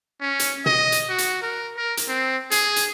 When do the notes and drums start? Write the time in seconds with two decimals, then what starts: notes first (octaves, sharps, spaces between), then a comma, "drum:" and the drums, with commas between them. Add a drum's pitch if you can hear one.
0.21 C#4
0.39 drum: hi-hat
0.66 D#5, drum: tom
0.92 drum: hi-hat
1.09 F#4
1.18 drum: hi-hat
1.42 A#4
1.77 A#4
1.97 drum: hi-hat
2.08 C4
2.51 G#4, drum: hi-hat
2.76 drum: hi-hat